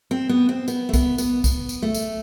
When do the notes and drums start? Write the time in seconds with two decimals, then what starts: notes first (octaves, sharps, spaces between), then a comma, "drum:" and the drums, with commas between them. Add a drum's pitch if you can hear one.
0.11 C4
0.29 B3
0.49 C4
0.68 B3, drum: tambourine
0.89 A3
0.93 B3, drum: kick B1, tambourine
1.18 B3, drum: tambourine
1.44 B3, drum: kick B1, tambourine
1.69 drum: tambourine
1.82 A3
1.94 drum: tambourine